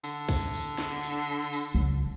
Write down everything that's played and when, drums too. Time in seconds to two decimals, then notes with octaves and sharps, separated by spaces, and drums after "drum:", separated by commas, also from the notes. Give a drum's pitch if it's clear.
0.04 D3, drum: tambourine
0.29 drum: kick, tambourine
0.53 drum: tambourine
0.78 drum: snare
1.03 drum: tambourine
1.53 drum: tambourine
1.75 C#2